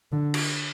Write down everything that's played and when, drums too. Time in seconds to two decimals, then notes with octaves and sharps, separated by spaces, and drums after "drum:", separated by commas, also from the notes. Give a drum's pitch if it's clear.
0.12 D3
0.34 drum: cymbal